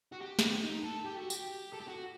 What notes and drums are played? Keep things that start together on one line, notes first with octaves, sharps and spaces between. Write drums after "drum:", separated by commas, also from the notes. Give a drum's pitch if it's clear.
F#4
G4
drum: snare
D#4
A4
G4
F#4
G4, drum: tambourine
A4
G4
F#4